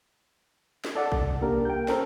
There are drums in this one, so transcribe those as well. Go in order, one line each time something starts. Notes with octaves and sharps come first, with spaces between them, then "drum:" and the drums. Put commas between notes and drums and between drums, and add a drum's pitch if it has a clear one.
drum: snare
A4 D5 F#5
C2, drum: kick
A#3 D4 G4 A#4
G5 G6
C#4 A4 A#4 C5, drum: snare